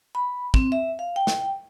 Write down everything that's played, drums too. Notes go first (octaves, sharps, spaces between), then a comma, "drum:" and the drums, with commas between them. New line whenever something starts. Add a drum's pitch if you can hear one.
B5
C4, drum: kick
E5
F5
G5
drum: snare